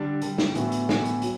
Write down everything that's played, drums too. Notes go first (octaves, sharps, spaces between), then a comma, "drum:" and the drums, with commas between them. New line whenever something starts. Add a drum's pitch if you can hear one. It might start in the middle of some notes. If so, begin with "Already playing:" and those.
Already playing: D3 G3 D4
D3 G3 D4, drum: hi-hat
drum: snare
A2 E3 B3 F#4, drum: hi-hat
drum: hi-hat
A2 E3 B3 F#4, drum: snare
drum: hi-hat
F#3, drum: hi-hat